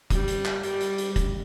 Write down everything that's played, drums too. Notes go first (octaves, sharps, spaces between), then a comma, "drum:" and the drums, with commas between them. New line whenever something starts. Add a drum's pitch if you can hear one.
G3, drum: kick, hi-hat
drum: hi-hat
drum: clap
G3, drum: hi-hat
drum: hi-hat
drum: hi-hat
drum: kick, hi-hat